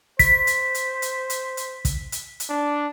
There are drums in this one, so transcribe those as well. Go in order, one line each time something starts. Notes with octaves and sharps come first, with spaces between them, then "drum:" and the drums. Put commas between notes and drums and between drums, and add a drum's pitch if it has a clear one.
C5 B6, drum: kick, hi-hat
drum: hi-hat
drum: hi-hat
drum: hi-hat
drum: hi-hat
drum: hi-hat
drum: kick, hi-hat
drum: hi-hat
drum: hi-hat
D4